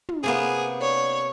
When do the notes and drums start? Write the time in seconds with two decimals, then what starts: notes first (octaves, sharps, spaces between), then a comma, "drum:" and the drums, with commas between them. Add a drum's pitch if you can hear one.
0.09 drum: tom
0.23 C3 A#3 B3 G#4
0.81 D4 C#5